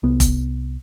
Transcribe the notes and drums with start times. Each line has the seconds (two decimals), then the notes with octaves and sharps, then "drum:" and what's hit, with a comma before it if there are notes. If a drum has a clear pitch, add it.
0.03 C2 B3
0.20 drum: kick F1, hi-hat